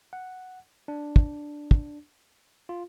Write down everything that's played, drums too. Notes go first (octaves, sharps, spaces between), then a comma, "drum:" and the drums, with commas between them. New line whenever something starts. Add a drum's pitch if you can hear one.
F#5
D4
drum: kick
drum: kick
F4